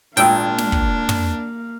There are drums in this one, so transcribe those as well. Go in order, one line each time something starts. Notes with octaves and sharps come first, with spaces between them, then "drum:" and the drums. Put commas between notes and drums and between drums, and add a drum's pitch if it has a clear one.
G#1 A#2 A#3 D4 F5 G5 E6, drum: open hi-hat
drum: snare
drum: kick
drum: tom